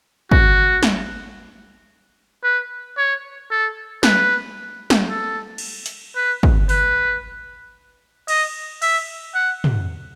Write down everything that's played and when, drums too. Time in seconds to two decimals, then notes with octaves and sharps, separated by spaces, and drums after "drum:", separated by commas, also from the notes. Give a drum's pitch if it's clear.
0.31 F#4, drum: kick
0.83 drum: snare
2.43 B4
2.97 C#5
3.51 A4
4.03 B4, drum: snare
4.90 drum: snare
5.09 A4
5.58 drum: cymbal
5.86 drum: hi-hat
6.16 B4
6.43 drum: kick
6.69 B4, drum: open hi-hat
8.28 D#5, drum: cymbal
8.82 E5, drum: cymbal
9.35 F#5
9.64 drum: tom